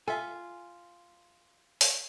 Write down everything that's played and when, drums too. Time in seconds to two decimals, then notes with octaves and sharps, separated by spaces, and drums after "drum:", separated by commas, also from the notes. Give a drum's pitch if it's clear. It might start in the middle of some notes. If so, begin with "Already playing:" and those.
0.08 F4 A4 E5 G#5
1.81 drum: open hi-hat